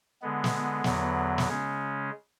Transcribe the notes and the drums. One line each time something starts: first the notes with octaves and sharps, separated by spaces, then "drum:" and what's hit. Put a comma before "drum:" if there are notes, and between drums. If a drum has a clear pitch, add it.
D3 G#3 B3
drum: snare
E2 D3 F#3 B3, drum: snare
drum: snare
C#3 G#3 C#4